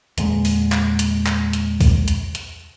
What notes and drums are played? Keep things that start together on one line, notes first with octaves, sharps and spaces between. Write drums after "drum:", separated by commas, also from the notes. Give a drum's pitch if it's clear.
E2 A#2 D3 G#3, drum: hi-hat
drum: open hi-hat
drum: clap
drum: hi-hat
drum: clap
drum: hi-hat
drum: kick C2, open hi-hat
drum: hi-hat
drum: hi-hat